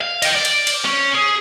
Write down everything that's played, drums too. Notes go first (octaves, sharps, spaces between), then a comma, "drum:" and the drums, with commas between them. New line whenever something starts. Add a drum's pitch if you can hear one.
F5
D#5 G5, drum: cymbal
D5
drum: cymbal
drum: cymbal
C#4
G#4